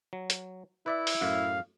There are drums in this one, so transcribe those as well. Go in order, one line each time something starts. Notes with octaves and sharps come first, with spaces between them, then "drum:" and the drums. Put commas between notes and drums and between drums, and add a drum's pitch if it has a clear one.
F#3
drum: hi-hat
E4 B4 D5 E5
drum: open hi-hat
F#2 A2 F5